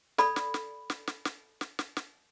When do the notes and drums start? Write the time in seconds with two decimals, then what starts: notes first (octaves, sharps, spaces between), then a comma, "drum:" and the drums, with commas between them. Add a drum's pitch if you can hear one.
0.18 A4 D5 B5, drum: snare
0.36 drum: snare
0.54 drum: snare
0.90 drum: snare
1.07 drum: snare
1.25 drum: snare
1.61 drum: snare
1.79 drum: snare
1.97 drum: snare